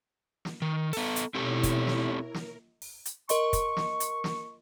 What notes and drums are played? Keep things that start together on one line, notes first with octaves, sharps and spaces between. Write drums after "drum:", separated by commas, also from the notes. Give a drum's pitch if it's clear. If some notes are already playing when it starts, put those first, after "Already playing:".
drum: snare
D#3
B3 A4, drum: open hi-hat
drum: hi-hat
B2 C4 E4 G4 A4 C#5
drum: kick, hi-hat
drum: snare
A#4
drum: snare
drum: open hi-hat
drum: hi-hat
A#4 D#5 C6 C#6, drum: hi-hat
drum: kick, hi-hat
drum: snare
drum: hi-hat
drum: snare